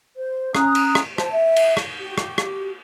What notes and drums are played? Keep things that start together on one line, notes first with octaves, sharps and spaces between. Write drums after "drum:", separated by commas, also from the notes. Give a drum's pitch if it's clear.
C5
C#4 A#5 D#6 F#6, drum: rim click
drum: cymbal
drum: rim click
C5 A5, drum: rim click
E5
drum: cymbal
drum: rim click
F#4 G4
drum: rim click
drum: rim click